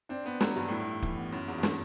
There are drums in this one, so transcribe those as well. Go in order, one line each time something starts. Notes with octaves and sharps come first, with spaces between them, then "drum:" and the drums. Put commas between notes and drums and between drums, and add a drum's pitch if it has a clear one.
C4 D4
B3 D4
F#3 G3, drum: snare
G2 G3
A2 E4
G2
E4
E3, drum: kick
B3
F#2 E3
E2 E3
G2
E4, drum: snare